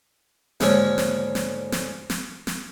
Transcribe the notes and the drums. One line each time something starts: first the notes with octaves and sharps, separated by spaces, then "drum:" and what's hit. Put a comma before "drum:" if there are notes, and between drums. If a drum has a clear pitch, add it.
D#2 G#2 D3 G#3 C#4, drum: snare
drum: snare
drum: snare
drum: snare
drum: snare
drum: snare